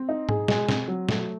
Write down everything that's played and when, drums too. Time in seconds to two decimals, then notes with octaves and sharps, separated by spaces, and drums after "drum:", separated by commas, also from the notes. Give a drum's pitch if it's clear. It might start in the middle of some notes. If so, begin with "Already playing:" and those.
Already playing: C4
0.09 D#4
0.29 G#4, drum: tom G#2
0.48 G#3, drum: snare
0.69 C4, drum: snare
0.88 F#3
1.09 A3, drum: snare